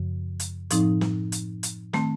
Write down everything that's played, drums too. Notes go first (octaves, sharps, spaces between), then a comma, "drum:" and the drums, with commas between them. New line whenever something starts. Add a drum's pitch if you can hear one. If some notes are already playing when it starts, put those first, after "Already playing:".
Already playing: F#2 C#3 F3
drum: hi-hat
A2 F3 C4 D#4, drum: hi-hat
drum: snare
drum: hi-hat
drum: hi-hat
D#3 A3 C4, drum: snare